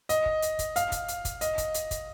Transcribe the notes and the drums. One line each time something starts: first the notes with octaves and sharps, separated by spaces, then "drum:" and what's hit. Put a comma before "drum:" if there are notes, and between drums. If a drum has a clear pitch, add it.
D#5, drum: hi-hat
drum: kick
drum: hi-hat
drum: kick, hi-hat
F5, drum: hi-hat
drum: kick, hi-hat
drum: hi-hat
drum: kick, hi-hat
D#5, drum: hi-hat
drum: kick, hi-hat
drum: hi-hat
drum: kick, hi-hat